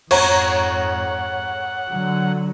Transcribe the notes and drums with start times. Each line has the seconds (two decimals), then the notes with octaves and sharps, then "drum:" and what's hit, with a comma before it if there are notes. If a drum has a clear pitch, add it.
0.11 F2 G#2 C#5 F#5 A#5, drum: cymbal
1.90 D3 F#3